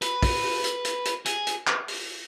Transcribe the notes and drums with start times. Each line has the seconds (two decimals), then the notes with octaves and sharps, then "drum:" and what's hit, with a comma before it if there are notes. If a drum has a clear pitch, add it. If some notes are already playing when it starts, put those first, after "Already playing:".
0.02 B4, drum: hi-hat
0.23 drum: kick, open hi-hat
0.43 drum: open hi-hat
0.64 drum: hi-hat
0.85 drum: hi-hat
1.05 drum: hi-hat
1.26 G#4, drum: hi-hat
1.47 drum: hi-hat
1.67 drum: clap
1.88 drum: open hi-hat